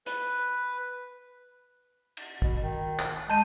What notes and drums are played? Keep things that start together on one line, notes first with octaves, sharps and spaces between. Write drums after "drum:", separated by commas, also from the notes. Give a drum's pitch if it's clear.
B4, drum: hi-hat
drum: cymbal
B2, drum: kick A#1
D#3
drum: clap
G#3 A5 G6 D#7